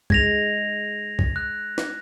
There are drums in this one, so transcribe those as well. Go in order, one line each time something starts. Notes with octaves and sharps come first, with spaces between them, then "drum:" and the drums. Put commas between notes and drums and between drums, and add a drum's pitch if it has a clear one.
G#3 G#6 A#6 F7, drum: kick
drum: kick
F#6
drum: snare